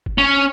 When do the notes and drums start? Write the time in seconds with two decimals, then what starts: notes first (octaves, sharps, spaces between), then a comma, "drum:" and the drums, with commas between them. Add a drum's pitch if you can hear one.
0.06 drum: kick F#1
0.18 C#4